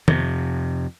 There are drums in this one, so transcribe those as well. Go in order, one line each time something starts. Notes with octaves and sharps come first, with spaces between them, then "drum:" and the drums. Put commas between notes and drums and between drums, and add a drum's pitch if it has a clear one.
F2 C3, drum: tom D#3